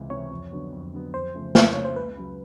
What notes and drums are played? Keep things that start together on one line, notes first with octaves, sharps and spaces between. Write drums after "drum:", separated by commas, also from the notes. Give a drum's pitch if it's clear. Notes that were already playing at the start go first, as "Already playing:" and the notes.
Already playing: C#2 C3 E3
C3 E3 C#5
F2
D3 F#3 B3
F2
D3 F#3 B3
F2 C5
C#3 F3 A3
F2, drum: snare
C#3 F3 A3 C#5
C5
C#2 B4
C#3 F#3